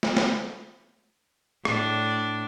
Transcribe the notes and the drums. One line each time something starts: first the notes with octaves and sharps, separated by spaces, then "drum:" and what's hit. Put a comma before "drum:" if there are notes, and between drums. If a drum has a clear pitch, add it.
drum: snare
drum: snare
A2 D4, drum: rim click